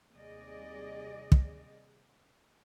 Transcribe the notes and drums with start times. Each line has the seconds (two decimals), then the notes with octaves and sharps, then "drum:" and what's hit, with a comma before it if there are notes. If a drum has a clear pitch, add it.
0.13 D#2 C3 G3 G#4 D5 D#5
1.32 drum: kick